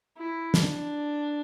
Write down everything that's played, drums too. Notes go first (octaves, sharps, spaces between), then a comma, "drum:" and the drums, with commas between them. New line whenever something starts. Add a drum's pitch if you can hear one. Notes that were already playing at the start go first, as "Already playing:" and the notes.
E4
D4, drum: snare